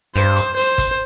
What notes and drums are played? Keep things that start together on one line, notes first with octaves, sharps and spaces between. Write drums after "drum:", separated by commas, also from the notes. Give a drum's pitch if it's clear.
G2 C5, drum: hi-hat
drum: hi-hat
C5, drum: open hi-hat
drum: kick, hi-hat